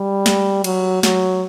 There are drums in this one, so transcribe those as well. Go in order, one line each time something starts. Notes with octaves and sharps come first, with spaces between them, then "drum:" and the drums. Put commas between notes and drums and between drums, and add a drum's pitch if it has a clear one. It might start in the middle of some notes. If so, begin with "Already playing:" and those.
Already playing: G3
drum: snare
F#3, drum: cymbal
F#3, drum: snare